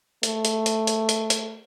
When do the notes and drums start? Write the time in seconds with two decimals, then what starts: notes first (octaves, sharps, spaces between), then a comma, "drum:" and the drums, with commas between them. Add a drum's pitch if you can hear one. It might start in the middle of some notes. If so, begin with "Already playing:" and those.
0.23 A3, drum: hi-hat
0.45 drum: hi-hat
0.66 drum: hi-hat
0.87 drum: hi-hat
1.09 drum: hi-hat
1.30 drum: hi-hat